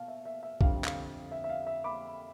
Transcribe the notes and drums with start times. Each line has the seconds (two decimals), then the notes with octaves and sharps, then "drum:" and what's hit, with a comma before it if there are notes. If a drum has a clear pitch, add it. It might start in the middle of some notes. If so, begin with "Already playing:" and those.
Already playing: B2 F5 A5
0.08 E5
0.25 E5
0.43 E5
0.61 F2 D3 G3 F5, drum: kick B1
0.84 F5, drum: clap
1.31 E5
1.44 E5
1.49 F5
1.67 E5
1.84 B5 D6